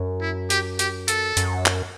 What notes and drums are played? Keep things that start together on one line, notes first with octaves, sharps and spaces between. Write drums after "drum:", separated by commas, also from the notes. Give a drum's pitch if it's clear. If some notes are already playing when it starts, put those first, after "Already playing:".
Already playing: F#2
E4
G4, drum: hi-hat
G4, drum: hi-hat
A4, drum: hi-hat
F#2, drum: hi-hat
drum: clap